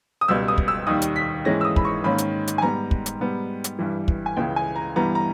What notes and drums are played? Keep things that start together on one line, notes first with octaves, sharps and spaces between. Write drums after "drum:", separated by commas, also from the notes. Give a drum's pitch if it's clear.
D#6
C#2 B2 G3 E6
D#6
drum: kick
E6
D#2 D#3 G3 D#6
drum: hi-hat
B6
G#2 E3 G#3 C#4 A#6
E6
D#6
B5, drum: kick
C#6
G#2 D#3 A#3 C#4 B5
drum: hi-hat
drum: hi-hat
G#5
G#2 G3 B3 A#5
drum: kick
drum: hi-hat
G#2 G3 B3
drum: hi-hat
G2 E3 G3
drum: kick
G#5
C#2 C#3 E3 G5
G#5
A#5
G2 E3 G3 B3 A#5
A#5